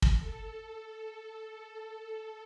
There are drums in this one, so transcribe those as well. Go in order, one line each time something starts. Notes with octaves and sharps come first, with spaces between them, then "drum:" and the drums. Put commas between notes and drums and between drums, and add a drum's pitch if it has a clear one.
drum: kick
A4